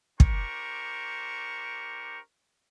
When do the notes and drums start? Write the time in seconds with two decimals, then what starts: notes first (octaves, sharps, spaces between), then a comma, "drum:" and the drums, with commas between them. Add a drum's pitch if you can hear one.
0.20 D4 G4 A#4 C5 C#6, drum: kick